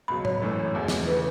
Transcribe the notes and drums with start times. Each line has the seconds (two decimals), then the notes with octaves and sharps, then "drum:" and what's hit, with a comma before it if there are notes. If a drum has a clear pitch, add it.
0.08 C#2 B2 F#3 B5
0.25 C#5, drum: tom
0.41 G#1 F#2 E3 A3
0.75 E2 B2 A3 E4
0.88 drum: snare
1.07 C#3 E3 A3 B4